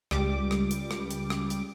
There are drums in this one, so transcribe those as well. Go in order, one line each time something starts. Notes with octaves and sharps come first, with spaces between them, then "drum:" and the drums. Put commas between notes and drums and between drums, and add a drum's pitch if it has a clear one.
C#2 G3 D6, drum: rim click
drum: rim click
drum: hi-hat
drum: rim click
drum: hi-hat
drum: rim click
drum: hi-hat